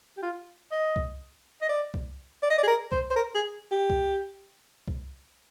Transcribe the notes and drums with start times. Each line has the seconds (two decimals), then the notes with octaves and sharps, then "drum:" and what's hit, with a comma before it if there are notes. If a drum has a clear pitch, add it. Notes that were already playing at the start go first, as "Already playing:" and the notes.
0.17 G4
0.23 F4
0.72 D#5
0.96 drum: kick
1.62 D#5
1.69 D5
1.94 drum: kick
2.43 D5
2.50 D#5
2.58 D5
2.63 G#4
2.67 A#4
2.92 C5, drum: kick
3.11 C5
3.16 A#4
3.35 G#4
3.71 G4
3.90 drum: kick
4.88 drum: kick